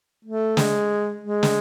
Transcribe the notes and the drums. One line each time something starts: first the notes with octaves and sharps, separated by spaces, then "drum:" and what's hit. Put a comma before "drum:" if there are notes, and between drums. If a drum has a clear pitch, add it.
A3
G#3, drum: snare
G#3
drum: snare